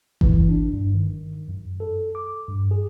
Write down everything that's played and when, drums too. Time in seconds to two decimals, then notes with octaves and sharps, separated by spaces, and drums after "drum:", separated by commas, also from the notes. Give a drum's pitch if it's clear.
0.21 E3, drum: kick G1
0.49 D4
0.74 G2
0.94 D#3
1.49 F#2
1.80 A4
2.15 D6
2.49 G2
2.71 G#4